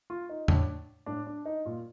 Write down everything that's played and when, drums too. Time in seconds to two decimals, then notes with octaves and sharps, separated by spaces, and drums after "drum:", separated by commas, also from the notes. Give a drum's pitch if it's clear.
0.10 F4
0.29 D#4
0.48 A2 D4, drum: tom
1.06 A2 D4
1.27 D4
1.46 D#4
1.65 A#2 F4